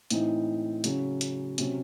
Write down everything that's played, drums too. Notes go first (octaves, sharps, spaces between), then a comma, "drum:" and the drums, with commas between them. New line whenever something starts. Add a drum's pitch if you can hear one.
A2 E3 C4 D#4, drum: hi-hat
C#3 F#3 C#4, drum: hi-hat
drum: hi-hat
C3 F#3 C#4, drum: hi-hat